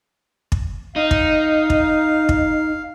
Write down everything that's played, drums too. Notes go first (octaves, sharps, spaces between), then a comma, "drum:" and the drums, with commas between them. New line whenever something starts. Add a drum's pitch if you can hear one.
drum: kick
D#4 F5
drum: kick
drum: kick
drum: kick